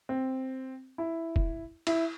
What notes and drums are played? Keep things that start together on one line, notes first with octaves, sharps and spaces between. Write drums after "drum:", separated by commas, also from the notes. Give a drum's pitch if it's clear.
C4
E4
drum: kick
E4, drum: cymbal